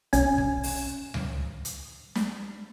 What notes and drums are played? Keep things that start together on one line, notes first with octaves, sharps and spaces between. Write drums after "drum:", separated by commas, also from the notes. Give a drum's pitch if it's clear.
B1 C#4 G#5, drum: hi-hat
drum: kick
drum: open hi-hat
drum: tom C#2
drum: hi-hat
drum: snare